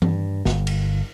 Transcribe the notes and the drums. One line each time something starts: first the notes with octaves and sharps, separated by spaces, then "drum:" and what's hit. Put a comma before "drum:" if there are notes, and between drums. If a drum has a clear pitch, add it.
G2, drum: tom E3
G1, drum: snare
drum: cymbal